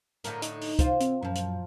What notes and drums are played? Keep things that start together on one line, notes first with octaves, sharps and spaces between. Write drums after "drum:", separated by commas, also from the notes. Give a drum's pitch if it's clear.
A2 D3 A3 A#4, drum: hi-hat
D#4, drum: hi-hat
drum: open hi-hat
F4 C5, drum: kick, hi-hat
C4, drum: hi-hat
F#2 A#2 F3
drum: hi-hat